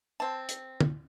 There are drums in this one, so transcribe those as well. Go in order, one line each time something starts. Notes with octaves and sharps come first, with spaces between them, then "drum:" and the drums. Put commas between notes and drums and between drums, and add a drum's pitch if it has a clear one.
C4 A5
drum: hi-hat
drum: tom